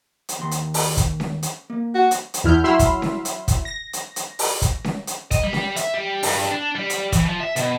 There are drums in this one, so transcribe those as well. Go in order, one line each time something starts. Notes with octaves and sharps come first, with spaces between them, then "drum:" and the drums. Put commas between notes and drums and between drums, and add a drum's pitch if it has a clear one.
drum: hi-hat
D#2 C6
drum: hi-hat
drum: open hi-hat
drum: kick, hi-hat
drum: snare C#4
drum: hi-hat
A#3
F#4
drum: hi-hat
drum: hi-hat
E2 E4 F6 G6
F#3 E4 B5 C6 E6 F6
drum: kick, hi-hat
drum: snare C#4
drum: hi-hat
drum: kick, hi-hat
A#6
drum: hi-hat
drum: hi-hat
drum: open hi-hat
drum: kick, hi-hat
drum: snare C#4
drum: hi-hat
D#5, drum: kick, hi-hat
G3
drum: snare C#4
E5, drum: hi-hat
G3
G2, drum: open hi-hat
D4
G3
drum: hi-hat
E3, drum: kick, hi-hat
F3
E5
B2, drum: hi-hat